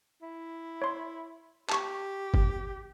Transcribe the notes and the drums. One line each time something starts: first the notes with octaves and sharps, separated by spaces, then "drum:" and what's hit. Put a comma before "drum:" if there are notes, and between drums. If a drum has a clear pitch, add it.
E4
C#5 C6
G4 A5 C#6, drum: clap
drum: kick G1